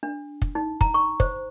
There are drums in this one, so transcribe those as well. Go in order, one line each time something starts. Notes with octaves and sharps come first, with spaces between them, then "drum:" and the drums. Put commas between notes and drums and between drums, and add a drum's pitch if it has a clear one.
D4
drum: kick
D#4
A#5, drum: kick
C#6
C5, drum: kick